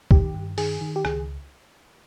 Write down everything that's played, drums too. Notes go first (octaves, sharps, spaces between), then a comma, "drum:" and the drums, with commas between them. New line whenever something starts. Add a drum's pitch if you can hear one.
D#3 G4, drum: kick F#1
G2
D#3 G#4, drum: open hi-hat
D#3
G4
C#2 G#4, drum: rim click